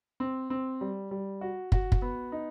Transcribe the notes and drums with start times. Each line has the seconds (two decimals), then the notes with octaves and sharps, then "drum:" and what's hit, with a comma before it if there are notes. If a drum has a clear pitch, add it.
0.20 C4
0.50 C4
0.81 G3
1.11 G3
1.41 F#4
1.72 F#4, drum: kick
1.92 drum: kick
2.02 B3
2.32 D#4